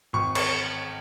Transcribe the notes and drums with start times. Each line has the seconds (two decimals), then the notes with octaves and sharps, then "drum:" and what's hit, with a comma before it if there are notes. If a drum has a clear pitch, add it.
0.13 G#1 C#6
0.35 C#6, drum: cymbal